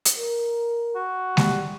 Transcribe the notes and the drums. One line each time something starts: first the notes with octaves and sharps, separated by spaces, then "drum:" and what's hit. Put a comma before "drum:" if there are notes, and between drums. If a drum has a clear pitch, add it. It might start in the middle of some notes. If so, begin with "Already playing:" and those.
drum: hi-hat
A#4
F#4
G3, drum: snare G#3